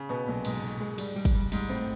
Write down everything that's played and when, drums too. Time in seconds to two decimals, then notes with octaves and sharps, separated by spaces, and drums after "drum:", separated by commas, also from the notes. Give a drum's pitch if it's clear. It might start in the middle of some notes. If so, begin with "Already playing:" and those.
Already playing: C#3
0.09 B2 B3
0.28 B1 A#2
0.45 B1 G#2, drum: cymbal
0.62 B1
0.81 G#3
0.98 G3, drum: cymbal
1.16 G3
1.25 drum: kick, cymbal
1.34 G3
1.52 G#2 G3, drum: cymbal
1.69 A2 C4